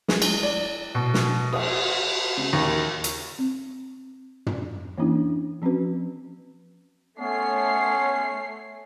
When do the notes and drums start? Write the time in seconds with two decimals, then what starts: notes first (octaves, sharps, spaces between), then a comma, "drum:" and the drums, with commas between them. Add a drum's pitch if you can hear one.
0.08 G#3, drum: snare
0.22 drum: cymbal
0.43 D5
0.95 B2
1.14 drum: snare
1.53 D#6, drum: cymbal
2.37 C#3
2.53 D#2
3.04 drum: hi-hat
3.39 C4
4.46 drum: tom
4.98 E3 A#3 C#4 D4 E4
5.62 F3 C4 C#4 F#4 B4
7.19 A3 B3 C#4 C#5 C7